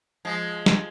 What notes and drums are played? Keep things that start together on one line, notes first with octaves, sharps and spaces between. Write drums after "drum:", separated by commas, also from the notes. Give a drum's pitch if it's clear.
F3 G#3
drum: snare